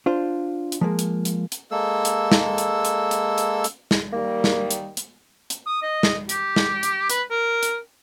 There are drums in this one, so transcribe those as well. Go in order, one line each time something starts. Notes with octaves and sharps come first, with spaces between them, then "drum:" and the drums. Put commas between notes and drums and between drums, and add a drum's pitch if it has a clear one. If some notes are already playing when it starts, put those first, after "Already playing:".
D4 F4 C5
drum: hi-hat
F3 G#3 A#3
drum: hi-hat
drum: hi-hat
drum: hi-hat
G#3 A#3 A4 E6
drum: hi-hat
drum: snare
drum: hi-hat
drum: hi-hat
drum: hi-hat
drum: hi-hat
drum: hi-hat
drum: snare
D#3 G3 A#3
drum: snare
drum: hi-hat
drum: hi-hat
drum: hi-hat
D#6
D#5
drum: snare
G4, drum: hi-hat
drum: snare
drum: hi-hat
B4, drum: hi-hat
A#4
drum: hi-hat